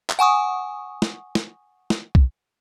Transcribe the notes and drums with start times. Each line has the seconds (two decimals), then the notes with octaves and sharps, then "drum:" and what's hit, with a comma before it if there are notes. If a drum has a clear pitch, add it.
0.10 drum: clap
0.19 F#5 G#5 C#6 D#6
1.02 drum: snare
1.35 drum: snare
1.90 drum: snare
2.15 drum: kick B1